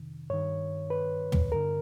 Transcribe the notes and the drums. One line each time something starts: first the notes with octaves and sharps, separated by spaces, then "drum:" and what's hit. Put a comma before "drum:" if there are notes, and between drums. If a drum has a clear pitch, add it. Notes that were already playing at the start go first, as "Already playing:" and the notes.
Already playing: F2 C3 D#3
G2 D#3 C#5
B4
drum: tom
G2 D3 A#4